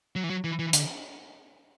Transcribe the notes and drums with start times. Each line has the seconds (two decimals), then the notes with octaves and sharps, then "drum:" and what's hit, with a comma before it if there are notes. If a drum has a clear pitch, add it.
0.16 F#3
0.24 E3
0.30 F#3
0.44 E3
0.59 E3
0.73 D3, drum: hi-hat